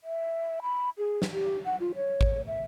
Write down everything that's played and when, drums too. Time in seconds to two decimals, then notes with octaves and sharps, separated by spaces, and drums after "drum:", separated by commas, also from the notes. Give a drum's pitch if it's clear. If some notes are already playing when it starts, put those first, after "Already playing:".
0.04 E5
0.62 B5
0.98 G#4
1.22 drum: snare
1.32 G4
1.65 F#5
1.80 F4
1.95 C#5
2.21 drum: kick A1
2.47 E5